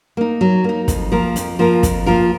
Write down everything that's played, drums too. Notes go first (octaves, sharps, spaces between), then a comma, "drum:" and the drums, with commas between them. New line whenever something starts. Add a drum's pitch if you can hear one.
A#3 D#4
F#3
A#3 D#4
F2, drum: kick, hi-hat
F3 A#3 F4 A#4
F2, drum: hi-hat
F3 A#3 F4 A#4
F2, drum: kick, hi-hat
F3 A#3 F4 A#4